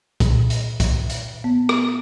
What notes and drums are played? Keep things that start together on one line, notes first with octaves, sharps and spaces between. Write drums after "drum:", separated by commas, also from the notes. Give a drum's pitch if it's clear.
A#2, drum: kick, hi-hat
drum: hi-hat
drum: kick, hi-hat
drum: hi-hat
B3
drum: rim click